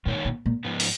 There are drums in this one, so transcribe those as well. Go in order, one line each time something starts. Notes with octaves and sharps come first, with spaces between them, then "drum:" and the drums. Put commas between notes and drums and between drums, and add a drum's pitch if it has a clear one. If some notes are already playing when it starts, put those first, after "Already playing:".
A#2 D#3 G#3 D#4 A#4 C#5
A#2
A#2
G#2 F3 B3
drum: open hi-hat